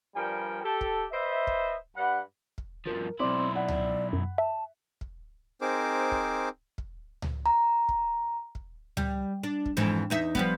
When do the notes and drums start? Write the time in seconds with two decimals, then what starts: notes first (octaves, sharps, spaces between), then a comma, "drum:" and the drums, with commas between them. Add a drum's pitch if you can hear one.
0.15 G2 F3 G3 A#4 G5 G#5
0.63 G4 A4
0.81 drum: kick
1.12 B4 C5 D#5 E5
1.47 drum: kick
1.96 G2 F#5 B5
2.58 drum: kick
2.87 G2 F3 A#4
3.20 B1 C4 E4 D5 C6 D6
3.55 D5 F#5 B5
3.68 drum: tom C#2
4.13 F#2
4.38 E5 A5
5.01 drum: kick
5.61 C4 D#4 G#4 A#4 C5 D6
6.12 drum: kick
6.78 drum: kick
7.22 drum: tom C#2
7.46 A#5
7.89 drum: kick
8.55 drum: kick
8.97 G3, drum: tom C#2
9.43 D4
9.66 drum: kick
9.77 F2 G#2 E3
10.10 E2 D#4 E5
10.35 F3 G3 B3, drum: kick